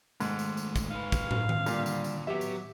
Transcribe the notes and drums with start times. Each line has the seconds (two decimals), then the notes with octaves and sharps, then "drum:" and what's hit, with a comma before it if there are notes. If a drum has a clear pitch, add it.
0.20 G#2 D#3 A3, drum: tambourine
0.39 drum: tambourine
0.57 drum: tambourine
0.76 drum: kick, tambourine
0.91 D#4 B4 F5
1.12 drum: kick, tambourine
1.31 drum: tom
1.49 drum: tom D#3
1.66 A#2 D3 G3, drum: tambourine
1.86 drum: tambourine
2.04 drum: tambourine
2.27 F#3 B3 G4 E5
2.41 drum: tambourine